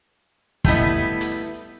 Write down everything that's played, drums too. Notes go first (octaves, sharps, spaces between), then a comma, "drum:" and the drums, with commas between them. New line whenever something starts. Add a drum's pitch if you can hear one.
G3 A3 B3 E4 D#5, drum: kick
drum: hi-hat